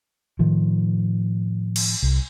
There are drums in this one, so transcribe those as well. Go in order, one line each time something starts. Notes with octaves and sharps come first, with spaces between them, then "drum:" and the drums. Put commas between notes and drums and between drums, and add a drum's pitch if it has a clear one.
A2 D#3 F3
drum: cymbal
C2